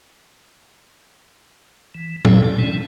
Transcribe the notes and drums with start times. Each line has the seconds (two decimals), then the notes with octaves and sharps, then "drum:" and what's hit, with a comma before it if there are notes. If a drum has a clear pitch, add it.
1.95 E3
2.25 C#4 E4 G5, drum: tom A#2
2.44 D5
2.59 C3 E3 G#3 C#4 D4